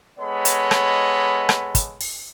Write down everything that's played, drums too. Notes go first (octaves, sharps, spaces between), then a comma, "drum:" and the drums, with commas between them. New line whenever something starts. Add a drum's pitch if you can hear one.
G#3 B3 A4 C#5 D#5 B5
drum: hi-hat
drum: rim click
drum: rim click
drum: kick, hi-hat
drum: open hi-hat